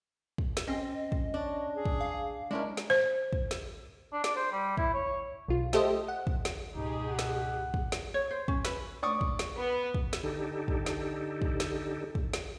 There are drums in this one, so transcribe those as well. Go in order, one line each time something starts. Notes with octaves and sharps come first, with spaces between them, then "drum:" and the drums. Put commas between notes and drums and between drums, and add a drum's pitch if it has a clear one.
drum: kick
drum: snare
C4 C#4 D#5
drum: kick
D4 C#5
G#4
drum: kick
F5
G#3 C#4 D4 E4 A#4
drum: snare
C5
drum: kick
drum: snare
D4
D5, drum: snare
C5
G3
E4, drum: kick
C#5
B1 F4
A3 G4 A4 C5 D#5 E5, drum: snare
F#5
drum: kick
drum: snare
C#2 G#2 B2 D#4 G4 G#4
F#5
drum: snare
drum: kick
drum: snare
C#5
C5
C#4, drum: kick
B4, drum: snare
D5 C#6 D#6
drum: kick
drum: snare
B3
drum: kick
drum: snare
D3 D#4 G4 A4
drum: kick
drum: snare
drum: kick
drum: snare
drum: kick
drum: snare